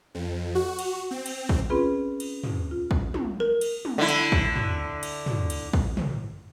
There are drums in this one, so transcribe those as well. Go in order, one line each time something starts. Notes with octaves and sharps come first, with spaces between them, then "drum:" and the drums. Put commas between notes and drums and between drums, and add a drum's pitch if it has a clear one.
F2
F#4
drum: cymbal
C4
drum: cymbal
drum: kick
C4 C#4 F4 G#4 B4 B5
drum: cymbal
drum: tom
F4
drum: kick
drum: tom
A#4
drum: cymbal
drum: tom
D3 E4
drum: cymbal
drum: kick
drum: tom
drum: cymbal
drum: tom
drum: cymbal
drum: kick
drum: tom